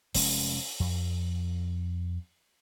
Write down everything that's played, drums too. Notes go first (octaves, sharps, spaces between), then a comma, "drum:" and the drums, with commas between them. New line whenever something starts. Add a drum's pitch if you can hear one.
F1 F2 G#3 C#4, drum: open hi-hat
F2